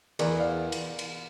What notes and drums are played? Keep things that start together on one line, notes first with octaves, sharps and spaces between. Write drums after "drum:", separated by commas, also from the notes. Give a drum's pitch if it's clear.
E2 A#4 D5, drum: cymbal
D5 F5
drum: cymbal
drum: cymbal